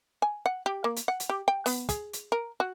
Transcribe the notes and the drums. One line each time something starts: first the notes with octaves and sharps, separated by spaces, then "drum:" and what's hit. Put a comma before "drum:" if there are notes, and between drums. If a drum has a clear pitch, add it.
G#5
F#5
G4
A#3
drum: hi-hat
F#5
drum: hi-hat
G4
G5
B3, drum: open hi-hat
G#4, drum: kick, hi-hat
drum: hi-hat
A#4
F#4